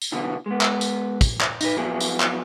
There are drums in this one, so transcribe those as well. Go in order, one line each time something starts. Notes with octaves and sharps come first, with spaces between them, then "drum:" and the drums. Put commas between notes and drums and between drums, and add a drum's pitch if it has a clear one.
drum: tambourine
B2 D3 E3 F#3 B3
G#3 B3
drum: clap
drum: tambourine
drum: kick, tambourine
drum: clap
D#4 B4, drum: tambourine
F3 F#3 B3 E4 G#4
drum: tambourine
drum: clap